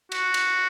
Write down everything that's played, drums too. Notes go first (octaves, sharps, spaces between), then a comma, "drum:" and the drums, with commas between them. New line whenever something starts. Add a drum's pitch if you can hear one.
F#4, drum: cymbal
drum: cymbal